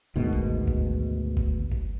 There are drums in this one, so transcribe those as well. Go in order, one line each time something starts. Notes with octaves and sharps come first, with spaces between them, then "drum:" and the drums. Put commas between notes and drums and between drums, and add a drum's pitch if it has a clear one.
D2 G#2 B2 D#3
drum: kick F#1
drum: kick F#1
drum: kick F#1
drum: kick F#1